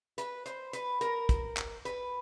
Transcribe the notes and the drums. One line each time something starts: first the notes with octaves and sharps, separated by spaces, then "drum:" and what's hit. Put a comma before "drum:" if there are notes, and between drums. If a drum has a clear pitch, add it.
B4, drum: hi-hat
C5, drum: hi-hat
B4, drum: hi-hat
A#4, drum: hi-hat
drum: kick, hi-hat
drum: clap
B4, drum: hi-hat